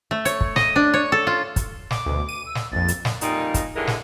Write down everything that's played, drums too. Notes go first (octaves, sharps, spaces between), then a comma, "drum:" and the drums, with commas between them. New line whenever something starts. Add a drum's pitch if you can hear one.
A3
C#5, drum: hi-hat
drum: kick
D#5, drum: snare
D4
C#5
A4
F4
drum: kick, hi-hat
D6, drum: snare
D2 B2
D#7
E6
drum: snare
A#1 F2 A6
drum: hi-hat
drum: snare
F2 A#2 G3 A#3 D#4, drum: hi-hat
drum: kick, hi-hat
D3 E3 G3 G#3 E4 A#4
drum: snare